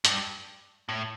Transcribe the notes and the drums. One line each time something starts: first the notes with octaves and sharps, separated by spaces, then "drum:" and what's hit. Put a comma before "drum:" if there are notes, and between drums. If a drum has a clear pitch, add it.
G2, drum: hi-hat
A2